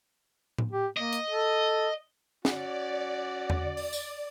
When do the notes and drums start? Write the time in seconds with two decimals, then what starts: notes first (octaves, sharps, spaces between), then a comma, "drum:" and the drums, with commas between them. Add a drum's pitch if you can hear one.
0.58 drum: tom A2
0.72 G4
0.97 A#3 D#5
1.13 drum: hi-hat
1.30 A4
2.45 C#4 F#4 D5, drum: snare
3.50 drum: tom E2
3.77 drum: open hi-hat
3.93 drum: tambourine